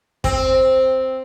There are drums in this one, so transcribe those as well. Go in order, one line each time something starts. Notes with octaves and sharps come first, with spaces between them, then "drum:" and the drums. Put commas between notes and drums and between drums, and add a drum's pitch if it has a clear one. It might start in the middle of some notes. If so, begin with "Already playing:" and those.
C4, drum: kick